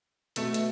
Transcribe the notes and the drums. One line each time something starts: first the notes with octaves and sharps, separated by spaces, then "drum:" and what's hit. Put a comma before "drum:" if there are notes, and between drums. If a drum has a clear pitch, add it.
B2 A3, drum: hi-hat
drum: hi-hat